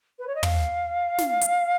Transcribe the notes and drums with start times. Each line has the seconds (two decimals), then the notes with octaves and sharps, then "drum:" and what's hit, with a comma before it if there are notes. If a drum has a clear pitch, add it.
0.19 B4
0.27 C#5
0.35 D#5
0.43 F5, drum: tom
1.18 drum: snare
1.41 drum: hi-hat